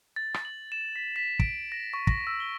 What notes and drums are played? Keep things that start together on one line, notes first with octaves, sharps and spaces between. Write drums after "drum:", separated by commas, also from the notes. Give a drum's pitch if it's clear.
A6
drum: rim click
F#7
E7
B6
B6
D7, drum: kick
A#6
C#6
A#6, drum: kick
E6
G7